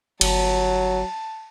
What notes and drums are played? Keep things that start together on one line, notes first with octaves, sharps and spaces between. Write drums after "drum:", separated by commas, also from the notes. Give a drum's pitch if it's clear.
G1 F#3 A5, drum: cymbal